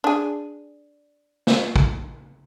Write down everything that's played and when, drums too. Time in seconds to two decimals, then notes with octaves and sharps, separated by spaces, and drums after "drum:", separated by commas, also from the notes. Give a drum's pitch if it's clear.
0.04 D4 G#4
1.47 drum: snare
1.76 drum: kick